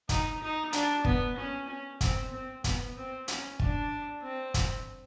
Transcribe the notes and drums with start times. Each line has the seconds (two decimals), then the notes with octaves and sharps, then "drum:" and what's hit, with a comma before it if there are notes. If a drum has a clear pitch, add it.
0.09 D#4, drum: kick, hi-hat
0.42 D#4
0.73 D4, drum: hi-hat
1.05 B3, drum: kick
1.37 C#4
1.68 C#4
2.01 C4, drum: kick, hi-hat
2.32 C4
2.64 B3, drum: kick, hi-hat
2.96 C4
3.28 C#4, drum: hi-hat
3.59 D4, drum: kick
4.22 C4
4.54 drum: kick, hi-hat